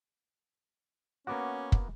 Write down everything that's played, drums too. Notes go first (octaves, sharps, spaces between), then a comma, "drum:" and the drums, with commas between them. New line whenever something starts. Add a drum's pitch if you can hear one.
A#3 B3 C#4 F#4 F#5 D6
drum: kick